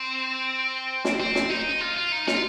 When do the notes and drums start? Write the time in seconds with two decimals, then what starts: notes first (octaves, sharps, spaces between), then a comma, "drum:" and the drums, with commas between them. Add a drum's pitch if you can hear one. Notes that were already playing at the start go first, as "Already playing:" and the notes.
Already playing: C4
1.05 drum: snare
1.20 C4
1.35 drum: snare
1.50 D#4
1.81 F4
1.97 F4
2.12 D#4
2.27 F4, drum: snare